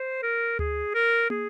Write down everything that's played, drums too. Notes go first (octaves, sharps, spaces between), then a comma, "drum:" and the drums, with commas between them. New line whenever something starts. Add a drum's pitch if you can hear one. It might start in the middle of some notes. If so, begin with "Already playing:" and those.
Already playing: C5
A#4
G#4, drum: tom D2
A#4
G#4, drum: tom